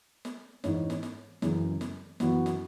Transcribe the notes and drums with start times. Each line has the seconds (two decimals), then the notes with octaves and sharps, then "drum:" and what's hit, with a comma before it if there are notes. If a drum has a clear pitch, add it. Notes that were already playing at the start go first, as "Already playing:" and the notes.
0.25 drum: snare
0.64 G#2 E3 C#4, drum: snare
0.90 drum: snare
1.03 drum: snare
1.42 F#2 C#3 E3 G#3, drum: snare
1.81 drum: snare
2.20 F#2 E3 B3 F#4, drum: snare
2.46 drum: snare